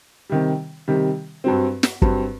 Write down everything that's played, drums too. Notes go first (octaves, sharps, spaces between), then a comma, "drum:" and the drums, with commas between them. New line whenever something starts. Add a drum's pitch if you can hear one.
C3 D#3 G3
C3 D#3 G3
G2 F#3 C4
drum: snare
G2 F#3 C4, drum: kick